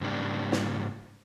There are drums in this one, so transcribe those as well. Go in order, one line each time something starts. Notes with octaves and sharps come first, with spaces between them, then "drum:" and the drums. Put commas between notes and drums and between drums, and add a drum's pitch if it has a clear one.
G#2 C#3 G3 A#3 D4
drum: snare